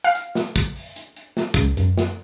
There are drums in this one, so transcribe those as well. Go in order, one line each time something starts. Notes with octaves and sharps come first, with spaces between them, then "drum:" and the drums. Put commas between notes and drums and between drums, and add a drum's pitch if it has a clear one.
F5
drum: hi-hat
drum: snare
drum: kick, hi-hat
drum: open hi-hat
drum: hi-hat
drum: hi-hat
drum: snare
C#2, drum: kick
F#2, drum: hi-hat
drum: snare